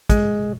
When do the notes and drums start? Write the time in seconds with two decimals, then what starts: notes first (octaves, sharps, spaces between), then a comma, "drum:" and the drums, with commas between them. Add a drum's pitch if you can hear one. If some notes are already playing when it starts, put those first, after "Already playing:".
0.09 G#3, drum: kick, hi-hat